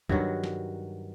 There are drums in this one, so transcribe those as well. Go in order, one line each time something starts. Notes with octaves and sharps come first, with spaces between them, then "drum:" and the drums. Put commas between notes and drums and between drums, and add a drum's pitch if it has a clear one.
G2 D#3 F#3 F#4, drum: kick
drum: snare